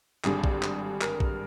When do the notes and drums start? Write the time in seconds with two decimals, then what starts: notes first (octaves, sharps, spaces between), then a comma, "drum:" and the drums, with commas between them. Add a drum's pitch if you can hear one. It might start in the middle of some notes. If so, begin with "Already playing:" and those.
0.24 G#1 G2 D3 G#4, drum: clap
0.44 drum: kick A#1
0.63 drum: clap
1.01 A#4, drum: clap
1.20 drum: kick A#1